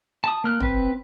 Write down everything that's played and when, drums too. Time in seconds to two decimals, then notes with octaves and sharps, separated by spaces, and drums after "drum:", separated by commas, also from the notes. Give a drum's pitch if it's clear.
0.24 A5 D#6
0.44 A#3 F6 F#6
0.60 C4 B4, drum: tom